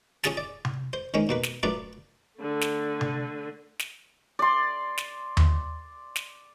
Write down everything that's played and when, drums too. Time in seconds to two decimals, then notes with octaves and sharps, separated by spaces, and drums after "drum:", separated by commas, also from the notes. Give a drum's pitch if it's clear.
0.24 C#4 F4 G#4 G#5 A5, drum: snare
0.37 D5
0.65 drum: tom C3
0.93 C5
1.14 D#3 G#3 C4 C#4
1.29 B2 A#3 B4
1.43 drum: snare
1.63 F#2 A3 D4 F4 B4 D5
2.39 D3 A3
2.61 drum: snare
3.01 drum: tom C3
3.79 drum: snare
4.39 D5 C6
4.98 drum: snare
5.37 drum: tom D#2
6.16 drum: snare